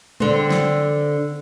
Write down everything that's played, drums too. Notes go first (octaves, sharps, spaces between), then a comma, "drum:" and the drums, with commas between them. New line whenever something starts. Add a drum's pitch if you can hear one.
D3 C4, drum: tom G3
drum: snare